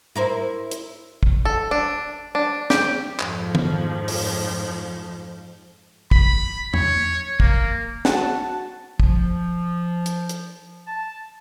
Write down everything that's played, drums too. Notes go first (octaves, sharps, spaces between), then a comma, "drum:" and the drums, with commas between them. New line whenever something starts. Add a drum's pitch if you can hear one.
E4 A#4 C5
drum: hi-hat
drum: kick
A4
D4
D4
G4, drum: snare
F2 G#2 F3, drum: clap
drum: tom
drum: open hi-hat
B5, drum: kick
C#5, drum: tom
A#3, drum: kick
F#4 F#5 A5, drum: snare
F3, drum: kick
drum: hi-hat
drum: hi-hat
A5